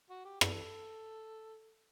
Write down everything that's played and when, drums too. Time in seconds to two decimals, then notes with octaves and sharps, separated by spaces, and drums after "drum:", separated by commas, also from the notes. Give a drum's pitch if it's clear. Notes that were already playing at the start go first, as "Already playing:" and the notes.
0.10 F#4
0.25 G4
0.41 F#4 A4, drum: rim click